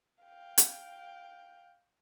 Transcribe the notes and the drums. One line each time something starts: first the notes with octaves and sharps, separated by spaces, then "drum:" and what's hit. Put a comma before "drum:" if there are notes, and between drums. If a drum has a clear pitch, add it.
F5 G5
drum: hi-hat